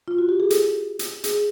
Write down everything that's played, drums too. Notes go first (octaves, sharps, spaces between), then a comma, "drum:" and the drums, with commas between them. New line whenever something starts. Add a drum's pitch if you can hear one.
F4
F#4
G4
G#4
A4, drum: hi-hat
drum: hi-hat
G#4, drum: hi-hat